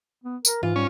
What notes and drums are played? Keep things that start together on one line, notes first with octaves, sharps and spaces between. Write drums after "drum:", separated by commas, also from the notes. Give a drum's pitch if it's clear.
B3
A#4, drum: tambourine
G#2 E3 F4
G3 C#4